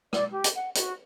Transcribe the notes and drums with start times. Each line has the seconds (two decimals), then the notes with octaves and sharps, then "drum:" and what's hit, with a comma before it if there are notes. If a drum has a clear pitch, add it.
0.13 D5, drum: rim click
0.32 G4
0.44 drum: hi-hat
0.56 F#5
0.75 F#4, drum: hi-hat